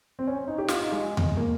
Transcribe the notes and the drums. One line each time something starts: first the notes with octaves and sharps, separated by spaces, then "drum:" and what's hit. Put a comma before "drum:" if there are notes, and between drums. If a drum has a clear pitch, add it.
C4
C#4
D#4
G4
F4, drum: snare
D#4
G#3
drum: tom E2
A#3